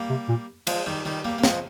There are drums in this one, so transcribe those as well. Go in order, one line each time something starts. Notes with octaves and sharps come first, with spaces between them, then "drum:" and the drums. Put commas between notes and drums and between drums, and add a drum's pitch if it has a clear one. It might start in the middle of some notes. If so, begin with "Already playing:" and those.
Already playing: G3 A#3
C3
A#2
F3 G#3, drum: cymbal
D#3 G3
D#3 G3
G3 A#3
A#3
F3 G#3, drum: snare